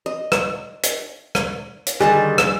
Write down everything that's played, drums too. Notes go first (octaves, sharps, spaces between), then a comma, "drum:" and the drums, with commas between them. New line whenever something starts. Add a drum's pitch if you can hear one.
D#5
drum: rim click
drum: hi-hat
drum: rim click
drum: hi-hat
D3 D#3 G3 G#4 D#5 A5
drum: rim click